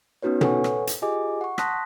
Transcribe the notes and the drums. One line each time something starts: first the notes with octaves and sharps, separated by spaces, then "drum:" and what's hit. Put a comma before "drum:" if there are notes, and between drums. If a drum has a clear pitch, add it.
B3 C#4 D#4 F#4 B4 C#5
A4 B4 C#5 F#5 G#5 C#6, drum: tom
drum: rim click
drum: hi-hat
F4 G4 G#4 D#5 G#5 D6
F#5 C#6
A5 C6 D#6 F#6 A#6 B6, drum: rim click